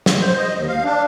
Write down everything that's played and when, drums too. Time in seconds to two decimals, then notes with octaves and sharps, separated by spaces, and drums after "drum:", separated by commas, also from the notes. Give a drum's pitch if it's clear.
0.06 drum: snare
0.21 C5
0.37 D#5
0.56 D#2
0.68 F5
0.85 D4